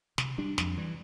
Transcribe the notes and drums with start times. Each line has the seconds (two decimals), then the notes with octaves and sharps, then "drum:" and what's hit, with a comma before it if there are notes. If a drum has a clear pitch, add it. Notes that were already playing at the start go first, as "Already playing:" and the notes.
0.18 C3, drum: snare
0.38 G3 D4
0.58 F2, drum: snare
0.77 E3 G3